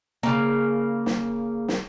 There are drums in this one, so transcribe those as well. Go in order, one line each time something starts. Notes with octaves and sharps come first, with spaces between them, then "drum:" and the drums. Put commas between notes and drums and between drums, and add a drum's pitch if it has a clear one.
C#3 A#3
drum: snare
drum: snare